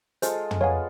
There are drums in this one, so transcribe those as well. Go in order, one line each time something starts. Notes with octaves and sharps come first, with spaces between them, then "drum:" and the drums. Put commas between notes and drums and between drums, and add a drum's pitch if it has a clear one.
G#3 F4 A4 C5, drum: hi-hat
drum: tom
B3 C#5 F5 G#5